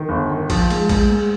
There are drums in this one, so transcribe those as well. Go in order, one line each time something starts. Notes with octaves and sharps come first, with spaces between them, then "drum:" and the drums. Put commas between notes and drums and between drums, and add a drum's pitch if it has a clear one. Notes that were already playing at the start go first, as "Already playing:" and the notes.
Already playing: D#3
G1
D#3
F3, drum: kick A1, cymbal
G#2, drum: cymbal
G#2, drum: kick A1, cymbal
G#2